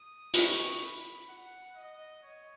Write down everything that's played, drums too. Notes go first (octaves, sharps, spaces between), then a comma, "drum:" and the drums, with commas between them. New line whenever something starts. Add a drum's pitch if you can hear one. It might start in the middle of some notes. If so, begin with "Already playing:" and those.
Already playing: D#6
C#6, drum: hi-hat
B5
F#5
D#5
C#5